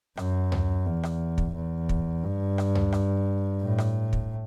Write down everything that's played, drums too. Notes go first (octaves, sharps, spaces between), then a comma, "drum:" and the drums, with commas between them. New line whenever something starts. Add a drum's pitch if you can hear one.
F#2, drum: rim click
drum: tom D2
E2
drum: rim click
drum: kick
E2
drum: kick
G2
drum: rim click
drum: tom D2
drum: rim click
A2
drum: rim click
drum: kick